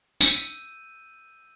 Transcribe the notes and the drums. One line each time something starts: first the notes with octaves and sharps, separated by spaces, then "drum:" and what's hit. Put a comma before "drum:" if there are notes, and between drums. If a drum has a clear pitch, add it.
E6 G6 D#7, drum: tambourine